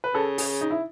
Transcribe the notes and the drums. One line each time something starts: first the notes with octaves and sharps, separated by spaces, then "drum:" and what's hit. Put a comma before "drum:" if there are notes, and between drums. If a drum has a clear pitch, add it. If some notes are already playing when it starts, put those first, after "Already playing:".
B4
C#3 A4
G#4, drum: open hi-hat
D#4
E4